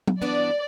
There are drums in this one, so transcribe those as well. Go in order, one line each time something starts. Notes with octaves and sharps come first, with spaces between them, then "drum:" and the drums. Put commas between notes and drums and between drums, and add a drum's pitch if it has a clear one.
drum: tom
G2 E3 B3 D4 D5